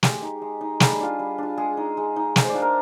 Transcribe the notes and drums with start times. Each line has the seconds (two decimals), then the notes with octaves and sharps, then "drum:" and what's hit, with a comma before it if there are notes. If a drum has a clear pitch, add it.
0.03 G#3 G4, drum: snare
0.22 D#4
0.42 G#3
0.61 D#4
0.80 G3 G#4, drum: snare
1.00 D4 F4
1.19 G3
1.38 D4 F4
1.57 G#3 G#4
1.77 D#4
1.97 G#3
2.16 D#4
2.36 G#3, drum: snare
2.44 C5 D5
2.55 D4 F4
2.62 A#4